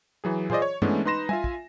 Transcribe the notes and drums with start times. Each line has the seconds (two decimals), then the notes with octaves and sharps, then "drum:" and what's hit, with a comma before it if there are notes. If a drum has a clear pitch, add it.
0.24 E3 F#3 G#4
0.50 F4 G#4 C5 D5 D#5, drum: tom
0.62 C#5
0.82 E3 G#3 A3 B3 C#4 D4, drum: tom G2
1.05 D#4 B4 C6 A#6 E7
1.29 F4 E5 G#5, drum: tom
1.44 drum: kick